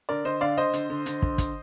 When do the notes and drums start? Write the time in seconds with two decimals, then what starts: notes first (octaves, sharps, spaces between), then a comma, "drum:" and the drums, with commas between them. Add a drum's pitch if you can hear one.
0.09 D3 A#4 D5
0.25 D3 C5 D#5
0.41 D3 D5 F5
0.57 D3 C5 D#5
0.73 D3, drum: hi-hat
0.90 D3
1.06 D3, drum: hi-hat
1.22 D3, drum: kick
1.38 drum: kick, hi-hat